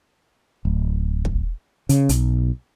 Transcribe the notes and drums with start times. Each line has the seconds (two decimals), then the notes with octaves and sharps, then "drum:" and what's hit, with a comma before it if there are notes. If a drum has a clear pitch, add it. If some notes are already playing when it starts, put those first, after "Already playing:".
0.65 D1
1.25 drum: kick
1.89 C#3, drum: hi-hat
2.09 B1, drum: hi-hat